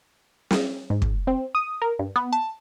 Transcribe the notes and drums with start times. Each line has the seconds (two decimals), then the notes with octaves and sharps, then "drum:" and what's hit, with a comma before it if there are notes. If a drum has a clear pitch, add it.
0.51 drum: snare
0.90 G#2
1.02 drum: kick
1.27 C4
1.55 D#6
1.82 A#4
1.99 G2
2.16 B3
2.33 A5